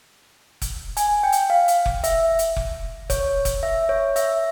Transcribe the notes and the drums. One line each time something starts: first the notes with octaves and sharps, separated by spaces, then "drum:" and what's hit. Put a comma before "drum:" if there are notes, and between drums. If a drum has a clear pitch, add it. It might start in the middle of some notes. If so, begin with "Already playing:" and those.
drum: kick F1, hi-hat
G#5, drum: hi-hat
G5
drum: hi-hat
F5
drum: hi-hat
drum: kick F1
E5, drum: hi-hat
drum: hi-hat
drum: kick F1
C#5, drum: kick F1, hi-hat
drum: kick F1, hi-hat
E5
C#5
E5, drum: hi-hat